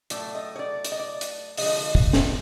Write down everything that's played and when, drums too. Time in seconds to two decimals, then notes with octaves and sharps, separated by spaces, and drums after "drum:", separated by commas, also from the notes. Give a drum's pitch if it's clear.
0.10 A2 F#3 A3 D5, drum: hi-hat
0.35 D#5
0.56 C#5
0.59 D5
0.84 D5, drum: hi-hat
0.92 D#5
0.99 D5
1.21 drum: hi-hat
1.58 D3 F3 G#3 D#5, drum: open hi-hat
1.95 drum: kick
2.13 drum: snare